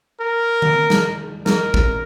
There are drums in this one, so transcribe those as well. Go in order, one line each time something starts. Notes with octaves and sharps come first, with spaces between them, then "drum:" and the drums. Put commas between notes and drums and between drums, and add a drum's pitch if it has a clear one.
A#4
drum: tom D3
drum: snare
A#4, drum: snare
drum: kick